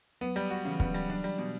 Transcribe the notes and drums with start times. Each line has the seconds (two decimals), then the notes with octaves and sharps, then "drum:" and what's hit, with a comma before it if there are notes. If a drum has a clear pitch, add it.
0.21 F#3 B3
0.36 G3
0.50 F#4
0.65 C#3 E3
0.80 B3, drum: kick
0.87 F#3
0.94 G3
1.09 F#3 D4
1.24 G3
1.38 B2